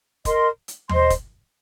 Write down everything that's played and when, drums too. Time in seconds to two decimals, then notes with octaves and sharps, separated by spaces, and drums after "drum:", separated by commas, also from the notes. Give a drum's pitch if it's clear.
0.25 A#4 D#5 C6, drum: kick, hi-hat
0.68 drum: hi-hat
0.89 C5 D#5 C6, drum: tom D#2
1.10 drum: kick, hi-hat